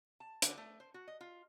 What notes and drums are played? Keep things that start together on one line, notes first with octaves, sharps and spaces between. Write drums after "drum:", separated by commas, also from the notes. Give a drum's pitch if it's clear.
A5
D3, drum: hi-hat
A3
C5
F#4
D#5
F4